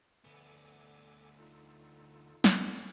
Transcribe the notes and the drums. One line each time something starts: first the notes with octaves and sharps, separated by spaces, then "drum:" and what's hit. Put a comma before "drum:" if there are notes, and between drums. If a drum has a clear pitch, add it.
D2 B3 A4 G#5 D6
D#4 F4 A4
drum: snare